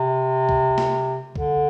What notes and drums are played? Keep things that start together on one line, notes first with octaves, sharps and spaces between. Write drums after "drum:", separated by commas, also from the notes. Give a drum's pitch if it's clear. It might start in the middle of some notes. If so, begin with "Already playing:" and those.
Already playing: C3
drum: kick C2
drum: snare
D3, drum: kick C2